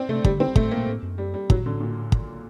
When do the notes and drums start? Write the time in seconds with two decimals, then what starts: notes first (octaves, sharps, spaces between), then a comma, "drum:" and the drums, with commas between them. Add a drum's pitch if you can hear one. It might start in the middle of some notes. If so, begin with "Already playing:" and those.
Already playing: C4 D4
0.09 C3 A3
0.24 D3 G3, drum: kick
0.40 C4
0.56 A#2 A3, drum: kick
0.66 A2
0.71 A#3
0.77 A#2
0.87 A2
1.03 F#2
1.18 G3
1.34 G3
1.50 A2 F#3, drum: kick
1.60 A#2
1.66 D3
1.70 A2
1.80 A#2
2.12 drum: kick